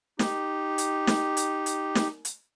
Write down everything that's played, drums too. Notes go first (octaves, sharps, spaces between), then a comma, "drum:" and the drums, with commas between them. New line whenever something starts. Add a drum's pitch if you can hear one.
D#4 G4, drum: snare
drum: hi-hat
drum: snare
drum: hi-hat
drum: hi-hat
drum: snare
drum: hi-hat